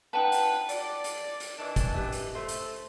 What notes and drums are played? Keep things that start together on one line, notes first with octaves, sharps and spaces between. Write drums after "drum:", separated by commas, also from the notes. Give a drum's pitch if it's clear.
D#4 B4 F#5 G5 A5
drum: hi-hat
D5, drum: hi-hat
drum: hi-hat
drum: hi-hat
D#3 E3 D4
drum: kick, hi-hat
G4 B4 E5
drum: hi-hat
A3 C5
drum: hi-hat